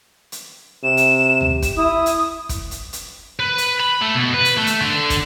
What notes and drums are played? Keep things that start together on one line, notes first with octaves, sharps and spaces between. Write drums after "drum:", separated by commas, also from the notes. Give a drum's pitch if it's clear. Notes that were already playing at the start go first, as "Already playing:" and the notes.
drum: hi-hat
C3 E7
drum: hi-hat
drum: tom D2
drum: kick, hi-hat
E4 D#6
drum: hi-hat
drum: kick, hi-hat
drum: hi-hat
drum: hi-hat
B4
drum: hi-hat
B5
A3
B2
B4
drum: hi-hat
A3
drum: hi-hat
D3
drum: kick, hi-hat